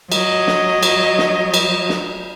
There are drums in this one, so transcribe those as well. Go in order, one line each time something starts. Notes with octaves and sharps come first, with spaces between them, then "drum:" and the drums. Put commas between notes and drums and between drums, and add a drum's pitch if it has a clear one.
F#3 D#5, drum: cymbal
drum: snare
drum: cymbal
drum: snare
drum: cymbal
drum: snare